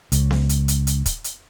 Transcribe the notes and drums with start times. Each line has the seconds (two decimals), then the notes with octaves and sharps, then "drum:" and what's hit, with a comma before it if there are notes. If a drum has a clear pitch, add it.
0.12 C#2, drum: hi-hat
0.31 drum: snare B3
0.49 drum: hi-hat
0.68 drum: hi-hat
0.87 drum: hi-hat
1.06 drum: kick, hi-hat
1.24 drum: hi-hat